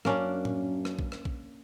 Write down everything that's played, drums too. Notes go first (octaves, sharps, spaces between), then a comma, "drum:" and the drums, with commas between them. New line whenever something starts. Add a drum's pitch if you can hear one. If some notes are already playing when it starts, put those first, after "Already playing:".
F#2 A#3 C#4 D4, drum: rim click
drum: tom A2
drum: rim click
drum: kick
drum: rim click
drum: kick